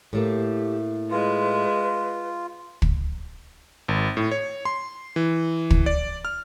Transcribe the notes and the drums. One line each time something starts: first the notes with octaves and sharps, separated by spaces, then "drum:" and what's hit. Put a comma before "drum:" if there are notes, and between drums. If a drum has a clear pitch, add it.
A2 A3 A#3 G4
G#3 F4 B4
drum: kick
G#1
A2
C#5
C6
E3
drum: kick
D5
F6